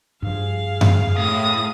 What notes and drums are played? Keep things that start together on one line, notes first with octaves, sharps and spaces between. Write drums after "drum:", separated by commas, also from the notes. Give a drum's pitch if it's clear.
G2 F3 G#4 F5
drum: tom F#2
A2 D#6